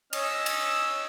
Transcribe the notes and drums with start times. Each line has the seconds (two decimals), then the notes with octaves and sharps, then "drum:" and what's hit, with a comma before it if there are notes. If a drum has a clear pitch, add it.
0.13 C#4 D#5 E6, drum: cymbal
0.46 drum: cymbal